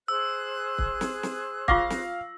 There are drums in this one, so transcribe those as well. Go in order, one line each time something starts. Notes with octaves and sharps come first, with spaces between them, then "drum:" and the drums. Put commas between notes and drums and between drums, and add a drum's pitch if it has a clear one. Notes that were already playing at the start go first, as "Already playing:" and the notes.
G#4 C5 E6 F#6
drum: kick
drum: snare
drum: snare
F4 F5 C#6 D6 A#6, drum: kick
drum: snare